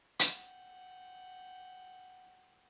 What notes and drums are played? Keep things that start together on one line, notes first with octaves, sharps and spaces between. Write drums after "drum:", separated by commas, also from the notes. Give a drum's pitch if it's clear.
F#5 G5, drum: hi-hat